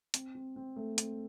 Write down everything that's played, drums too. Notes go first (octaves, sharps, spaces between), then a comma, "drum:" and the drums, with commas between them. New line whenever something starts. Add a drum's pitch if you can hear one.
C4, drum: hi-hat
C4
C4
A3
C4, drum: hi-hat